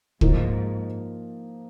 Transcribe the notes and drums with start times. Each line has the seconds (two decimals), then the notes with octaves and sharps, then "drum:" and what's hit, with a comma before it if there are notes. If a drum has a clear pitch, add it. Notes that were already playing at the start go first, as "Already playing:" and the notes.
0.21 G#2 F3 A#3 D#4, drum: kick